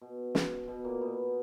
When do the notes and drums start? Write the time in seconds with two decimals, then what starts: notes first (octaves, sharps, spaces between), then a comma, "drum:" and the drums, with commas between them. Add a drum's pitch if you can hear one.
0.01 B2
0.35 drum: snare
0.68 B2
0.84 A#2 A#3
1.01 B2 B3